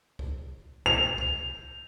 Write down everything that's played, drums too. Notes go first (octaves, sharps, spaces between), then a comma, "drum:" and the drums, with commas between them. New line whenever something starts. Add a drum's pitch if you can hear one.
drum: kick C2
F7, drum: kick C2
drum: kick C2